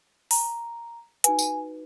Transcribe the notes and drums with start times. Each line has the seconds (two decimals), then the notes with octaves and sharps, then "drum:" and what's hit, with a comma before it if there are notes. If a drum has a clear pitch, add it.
0.31 A#5, drum: open hi-hat
1.24 D#4 F#4 B4 G#5, drum: hi-hat
1.39 drum: tambourine